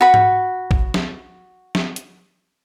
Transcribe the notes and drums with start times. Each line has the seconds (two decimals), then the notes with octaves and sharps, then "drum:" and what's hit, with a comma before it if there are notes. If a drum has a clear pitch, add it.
0.01 F#4 B5
0.14 drum: tom G#2
0.71 drum: kick
0.94 drum: snare
1.75 drum: snare
1.96 drum: hi-hat